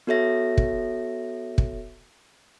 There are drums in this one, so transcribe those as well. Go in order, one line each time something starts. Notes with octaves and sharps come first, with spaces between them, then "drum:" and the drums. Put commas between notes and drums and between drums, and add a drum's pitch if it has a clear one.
B3 F#4 A4 C#5 E5 A#6
drum: kick
drum: kick